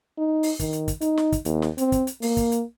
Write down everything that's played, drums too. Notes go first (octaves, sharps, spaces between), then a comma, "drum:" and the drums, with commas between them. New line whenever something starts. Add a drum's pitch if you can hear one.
D#4
drum: open hi-hat
D#3, drum: kick, hi-hat
drum: hi-hat
drum: kick, hi-hat
D#4, drum: hi-hat
drum: snare
drum: kick, hi-hat
D#2, drum: hi-hat
drum: snare
C4, drum: hi-hat
drum: kick, hi-hat
drum: hi-hat
A#3, drum: open hi-hat
drum: kick, hi-hat
drum: hi-hat